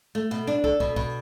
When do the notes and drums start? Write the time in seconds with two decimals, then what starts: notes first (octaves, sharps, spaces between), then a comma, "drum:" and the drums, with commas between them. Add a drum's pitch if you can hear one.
0.15 A3
0.31 B2
0.47 D4
0.64 A4, drum: kick
0.80 B2, drum: kick
0.96 B2, drum: kick